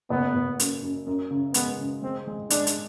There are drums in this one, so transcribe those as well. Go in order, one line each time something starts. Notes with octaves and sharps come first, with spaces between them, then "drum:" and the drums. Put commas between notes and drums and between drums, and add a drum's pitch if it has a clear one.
F#1 B3
F#1
F#2, drum: hi-hat
F#2
F#2
C#3
G#3 B3, drum: hi-hat
C#3
G#3 C4
G#3
G#3 D4, drum: hi-hat
drum: hi-hat